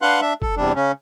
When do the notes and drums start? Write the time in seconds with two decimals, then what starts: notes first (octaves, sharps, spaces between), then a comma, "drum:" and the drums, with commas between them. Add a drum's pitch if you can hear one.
0.02 D4 B4 F5 F#5 C6 F#6
0.21 D4 E5
0.42 A4, drum: kick
0.57 E2 C3 G3 D4
0.75 C#3 C#4